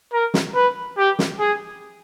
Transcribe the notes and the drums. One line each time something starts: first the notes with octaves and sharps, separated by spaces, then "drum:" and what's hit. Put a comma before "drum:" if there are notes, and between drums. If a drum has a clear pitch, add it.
A#4
drum: snare
B4
G4
drum: snare
G#4